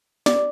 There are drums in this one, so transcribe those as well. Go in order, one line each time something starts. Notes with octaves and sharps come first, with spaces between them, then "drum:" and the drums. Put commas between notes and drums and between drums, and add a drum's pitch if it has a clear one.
D5, drum: snare